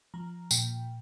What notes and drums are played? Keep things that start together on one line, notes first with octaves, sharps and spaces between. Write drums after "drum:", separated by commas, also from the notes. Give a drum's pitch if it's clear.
F3 A#5
A#2 G5, drum: tambourine